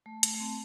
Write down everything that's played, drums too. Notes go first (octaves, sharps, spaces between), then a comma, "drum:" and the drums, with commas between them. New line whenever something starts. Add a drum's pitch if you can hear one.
A3
A3, drum: hi-hat
A3
C4